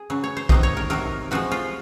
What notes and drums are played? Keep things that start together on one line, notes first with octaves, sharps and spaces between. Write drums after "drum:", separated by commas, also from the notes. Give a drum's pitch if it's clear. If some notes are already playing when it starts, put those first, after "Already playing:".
Already playing: G#4
C#3 F#3
C#5
C5
C3 D#3 F#3 D#5, drum: kick
C#5
A#4
C3 D#3 F#3 A#4
C3 F3 G#3 F#4
F4